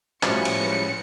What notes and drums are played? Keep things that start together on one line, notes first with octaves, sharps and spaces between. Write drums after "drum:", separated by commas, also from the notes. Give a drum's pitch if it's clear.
A2 F3 G3 C#4 F#4 B4 C#7, drum: clap
drum: cymbal
G#3 G#4 B4